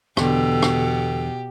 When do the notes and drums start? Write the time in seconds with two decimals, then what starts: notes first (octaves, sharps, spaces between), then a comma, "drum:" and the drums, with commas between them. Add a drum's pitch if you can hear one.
0.17 E2 B2 D3 G4 A4, drum: rim click
0.62 drum: rim click